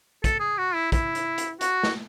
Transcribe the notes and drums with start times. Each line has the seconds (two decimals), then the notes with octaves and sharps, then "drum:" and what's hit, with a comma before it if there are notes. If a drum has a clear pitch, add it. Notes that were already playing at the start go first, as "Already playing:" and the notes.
0.24 A4, drum: kick, hi-hat
0.40 G#4
0.58 F#4
0.75 E4
0.92 E4, drum: kick, hi-hat
1.15 drum: hi-hat
1.38 drum: hi-hat
1.61 F#4, drum: hi-hat
1.83 drum: snare